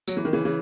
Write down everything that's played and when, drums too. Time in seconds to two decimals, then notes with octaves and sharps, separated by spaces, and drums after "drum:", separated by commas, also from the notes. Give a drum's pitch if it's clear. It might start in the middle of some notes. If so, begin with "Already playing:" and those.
0.08 F#3, drum: tambourine
0.17 E3
0.25 D#3
0.33 C#3 E3
0.45 C#3 E3